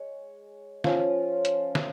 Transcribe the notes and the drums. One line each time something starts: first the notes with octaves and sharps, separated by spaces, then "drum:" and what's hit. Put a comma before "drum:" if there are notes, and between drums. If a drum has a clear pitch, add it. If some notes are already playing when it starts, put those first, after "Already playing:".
Already playing: G#3 C#5
F3 C#4 F4, drum: snare
drum: hi-hat
drum: snare